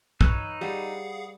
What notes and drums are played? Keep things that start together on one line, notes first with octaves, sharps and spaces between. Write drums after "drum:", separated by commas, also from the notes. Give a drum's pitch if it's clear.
D#4 B4 C#5 E6 F#6, drum: kick
G3 G#4 F5 F#5